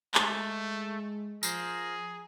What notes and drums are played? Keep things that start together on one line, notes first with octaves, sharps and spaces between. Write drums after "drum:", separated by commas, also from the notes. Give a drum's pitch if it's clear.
G#3 A3, drum: clap
F3 G#4 A#4 C5, drum: tambourine